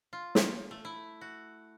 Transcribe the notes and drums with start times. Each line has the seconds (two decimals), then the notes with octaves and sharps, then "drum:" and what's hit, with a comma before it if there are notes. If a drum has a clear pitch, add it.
0.13 F4
0.35 drum: snare
0.71 A3
0.85 E4
1.21 F#4